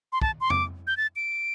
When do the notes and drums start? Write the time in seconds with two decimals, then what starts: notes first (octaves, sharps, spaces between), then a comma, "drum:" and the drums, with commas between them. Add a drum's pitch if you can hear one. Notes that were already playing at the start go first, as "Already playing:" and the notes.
0.12 C6
0.22 A5, drum: kick
0.41 C6
0.50 D6, drum: tom F2
0.87 G6
0.97 A6
1.16 D7